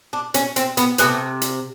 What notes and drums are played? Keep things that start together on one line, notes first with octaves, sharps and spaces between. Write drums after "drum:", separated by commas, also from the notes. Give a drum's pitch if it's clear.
D4
C#4, drum: hi-hat
C4, drum: hi-hat
B3, drum: hi-hat
C3 F3 A3 B3, drum: hi-hat
drum: hi-hat